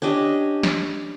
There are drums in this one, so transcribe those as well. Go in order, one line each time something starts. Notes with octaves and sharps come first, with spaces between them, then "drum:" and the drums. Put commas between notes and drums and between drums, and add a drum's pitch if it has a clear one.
C#4 D4 G4 D#5
drum: snare